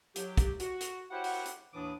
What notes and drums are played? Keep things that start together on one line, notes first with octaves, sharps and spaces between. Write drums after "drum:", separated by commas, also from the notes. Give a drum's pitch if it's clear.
F#3 G4, drum: hi-hat
drum: kick, hi-hat
F#4, drum: hi-hat
drum: hi-hat
E4 F#4 G4 C5 C#5 F#5
drum: open hi-hat
drum: hi-hat
D#2 A2 E3 D4 D6 D#6